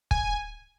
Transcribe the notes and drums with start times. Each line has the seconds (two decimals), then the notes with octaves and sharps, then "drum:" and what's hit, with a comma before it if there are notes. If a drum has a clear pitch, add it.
0.11 G#5, drum: kick